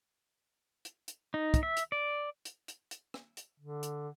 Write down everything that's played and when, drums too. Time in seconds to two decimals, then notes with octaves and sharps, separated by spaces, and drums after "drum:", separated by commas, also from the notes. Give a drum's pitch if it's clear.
0.85 drum: hi-hat
1.08 drum: hi-hat
1.34 D#4
1.54 drum: kick, hi-hat
1.63 E5
1.77 drum: hi-hat
1.92 D5
2.45 drum: hi-hat
2.68 drum: hi-hat
2.91 drum: hi-hat
3.14 drum: rim click
3.37 drum: hi-hat
3.60 D3
3.83 drum: hi-hat